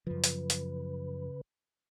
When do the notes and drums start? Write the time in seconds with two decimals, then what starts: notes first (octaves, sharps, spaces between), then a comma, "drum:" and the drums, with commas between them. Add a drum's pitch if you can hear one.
0.07 F#2 C#3 F3 B4
0.24 drum: hi-hat
0.50 drum: hi-hat